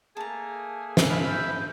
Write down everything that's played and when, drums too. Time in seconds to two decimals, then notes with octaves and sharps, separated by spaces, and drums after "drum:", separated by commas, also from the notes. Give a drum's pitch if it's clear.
0.17 A3 A#3 G#4 A5 A#5
0.97 drum: snare
1.10 F4 B4 E5 F5 B5
1.28 G6